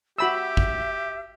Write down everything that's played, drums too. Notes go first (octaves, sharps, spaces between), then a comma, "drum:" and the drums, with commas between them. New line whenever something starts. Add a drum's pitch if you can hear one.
F#4 G4 E5 B5 E6
drum: kick